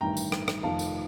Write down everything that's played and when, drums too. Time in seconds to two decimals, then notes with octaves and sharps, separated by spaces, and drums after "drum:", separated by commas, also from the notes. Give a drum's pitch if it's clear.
0.01 A1 G2 D#3 G5 A#5
0.17 drum: tambourine
0.32 drum: rim click
0.48 drum: rim click
0.63 F1 F2 D#3 F5 A5
0.79 drum: tambourine